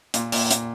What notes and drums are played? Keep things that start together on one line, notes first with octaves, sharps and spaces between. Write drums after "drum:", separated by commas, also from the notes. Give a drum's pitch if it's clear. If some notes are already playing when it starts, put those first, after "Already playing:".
A#2, drum: hi-hat
A#2, drum: open hi-hat
A#2, drum: hi-hat